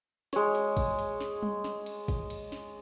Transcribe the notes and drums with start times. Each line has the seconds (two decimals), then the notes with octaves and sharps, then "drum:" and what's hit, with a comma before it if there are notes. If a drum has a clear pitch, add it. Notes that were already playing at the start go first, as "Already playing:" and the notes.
0.33 G#3 C#5, drum: snare
0.55 drum: cymbal
0.77 drum: kick, cymbal
0.99 drum: cymbal
1.21 drum: snare
1.42 drum: tom G3
1.64 drum: snare
1.86 drum: cymbal
2.08 drum: kick, cymbal
2.30 drum: cymbal
2.52 drum: snare